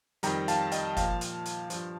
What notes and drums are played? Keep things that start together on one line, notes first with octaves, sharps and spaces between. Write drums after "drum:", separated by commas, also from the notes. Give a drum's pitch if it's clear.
F2 D#3 G3 G5 A#5, drum: hi-hat
F5 A5, drum: hi-hat
D#5 G5, drum: hi-hat
A#2 F3 F5 A5, drum: kick, hi-hat
drum: hi-hat
drum: hi-hat
G2 F3, drum: hi-hat